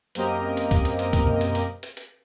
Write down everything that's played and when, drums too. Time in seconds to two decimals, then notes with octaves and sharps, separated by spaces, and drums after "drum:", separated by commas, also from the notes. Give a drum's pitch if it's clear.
0.15 F#2 A#3 C4 G4 A#4 D#5, drum: hi-hat
0.57 drum: hi-hat
0.71 drum: kick C#2, hi-hat
0.85 drum: hi-hat
0.99 drum: hi-hat
1.13 drum: kick C#2, hi-hat
1.27 drum: tom B2
1.41 drum: hi-hat
1.55 drum: hi-hat
1.83 drum: hi-hat
1.97 drum: hi-hat